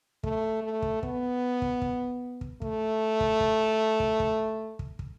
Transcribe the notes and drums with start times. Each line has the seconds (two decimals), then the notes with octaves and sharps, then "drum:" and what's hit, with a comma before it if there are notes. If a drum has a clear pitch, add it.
0.24 A3, drum: kick
0.63 A3
0.82 drum: kick
1.03 B3, drum: kick
1.62 drum: kick
1.82 drum: kick
2.41 drum: kick
2.62 A3, drum: kick
3.21 drum: kick
3.40 drum: kick
4.00 drum: kick
4.20 drum: kick
4.79 drum: kick
4.99 drum: kick